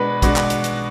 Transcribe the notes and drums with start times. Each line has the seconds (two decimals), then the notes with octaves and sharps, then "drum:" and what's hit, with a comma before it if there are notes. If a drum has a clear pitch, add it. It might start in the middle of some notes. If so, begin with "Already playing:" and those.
Already playing: B2 G#3 D4 F#4 B4
0.22 B2 G#3 D4 F#4, drum: kick, hi-hat
0.36 drum: clap
0.50 drum: hi-hat
0.64 drum: hi-hat